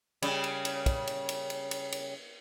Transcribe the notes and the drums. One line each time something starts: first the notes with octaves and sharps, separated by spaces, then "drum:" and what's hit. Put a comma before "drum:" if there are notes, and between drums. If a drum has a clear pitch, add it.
C#3 G3, drum: cymbal
drum: cymbal
drum: cymbal
drum: kick, cymbal
drum: cymbal
drum: cymbal
drum: cymbal
drum: cymbal
drum: cymbal